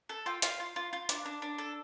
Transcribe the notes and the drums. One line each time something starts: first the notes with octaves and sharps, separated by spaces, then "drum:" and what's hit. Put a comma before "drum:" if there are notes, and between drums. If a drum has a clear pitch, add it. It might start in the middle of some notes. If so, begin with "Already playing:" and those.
A4 A5
F4 G5
F4 F5, drum: hi-hat
F4
F4
F4
D4, drum: hi-hat
D4
D4
A4